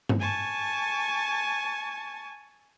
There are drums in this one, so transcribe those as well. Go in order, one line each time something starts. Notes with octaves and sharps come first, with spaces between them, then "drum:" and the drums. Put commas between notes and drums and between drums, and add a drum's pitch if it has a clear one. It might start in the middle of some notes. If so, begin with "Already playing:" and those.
drum: tom G2
G#5 A5 C#6